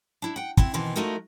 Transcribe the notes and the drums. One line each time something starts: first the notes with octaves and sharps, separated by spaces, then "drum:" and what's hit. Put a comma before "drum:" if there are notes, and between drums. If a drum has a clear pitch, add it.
D4 E4
F#5 G5
C4 E4 F#5, drum: kick
B2 D#3 E3 B3 C4
F3 A3 D#4 E4 F#4 A#4